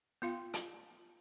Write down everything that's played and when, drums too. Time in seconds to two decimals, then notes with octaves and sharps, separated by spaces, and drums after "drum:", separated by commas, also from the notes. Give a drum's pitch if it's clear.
0.22 B3 F4 F5
0.54 drum: hi-hat